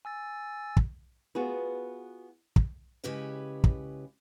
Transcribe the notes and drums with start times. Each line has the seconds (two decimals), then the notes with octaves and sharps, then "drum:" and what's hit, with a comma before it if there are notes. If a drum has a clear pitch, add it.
0.05 G#5 E6 A6
0.77 drum: kick
1.35 B3 F4 F#4 G#4 B4
2.56 drum: kick
3.04 C#3 G#3 E4 G4 B4 C#5
3.64 drum: kick